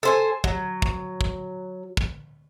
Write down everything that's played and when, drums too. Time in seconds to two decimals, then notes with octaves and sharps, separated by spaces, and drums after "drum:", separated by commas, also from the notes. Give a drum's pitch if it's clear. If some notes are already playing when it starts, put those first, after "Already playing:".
0.03 A4 C5 G#5
0.44 F#3, drum: kick
0.82 drum: kick
1.21 drum: kick
1.97 drum: kick